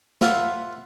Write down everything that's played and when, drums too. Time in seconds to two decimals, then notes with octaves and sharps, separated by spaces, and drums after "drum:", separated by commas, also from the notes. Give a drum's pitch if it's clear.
0.21 F4 E5 F#5 B5, drum: snare